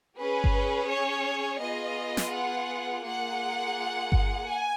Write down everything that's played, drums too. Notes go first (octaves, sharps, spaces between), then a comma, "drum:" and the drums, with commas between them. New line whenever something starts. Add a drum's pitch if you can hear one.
C#4 G#4 B4
drum: kick G1
C#5
B3 F4 G#4 D#5
drum: snare
F#5
A#3 F4 G#4 F#5
drum: kick G1
G#5